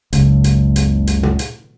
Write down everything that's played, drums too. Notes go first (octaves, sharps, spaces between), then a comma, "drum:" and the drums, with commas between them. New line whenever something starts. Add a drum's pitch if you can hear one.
F#1 C#2, drum: hi-hat
drum: hi-hat
drum: hi-hat
drum: hi-hat
drum: tom
drum: hi-hat